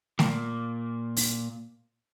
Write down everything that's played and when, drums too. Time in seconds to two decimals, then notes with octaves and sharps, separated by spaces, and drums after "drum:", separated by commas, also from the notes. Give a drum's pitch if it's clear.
0.19 A#2 A#3, drum: snare A3
1.17 drum: open hi-hat